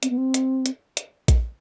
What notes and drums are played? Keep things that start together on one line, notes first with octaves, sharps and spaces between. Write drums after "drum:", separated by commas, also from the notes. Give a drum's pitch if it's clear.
C4, drum: hi-hat
B3
C4
drum: hi-hat
drum: hi-hat
drum: hi-hat
drum: kick A#1, hi-hat